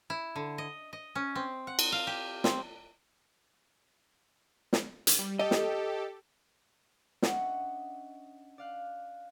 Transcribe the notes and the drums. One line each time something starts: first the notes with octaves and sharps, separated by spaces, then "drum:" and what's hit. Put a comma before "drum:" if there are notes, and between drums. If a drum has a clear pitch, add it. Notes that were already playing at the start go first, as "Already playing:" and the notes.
E4
D3
D#5
D#5
C#4
C4
F#5
drum: cymbal
F5
G4
C4, drum: snare
drum: snare
drum: hi-hat
G3
G4 A4 D#5
drum: snare
C#4 D4 D#5 E5 F#5 C#6, drum: snare
D5 F5 F#6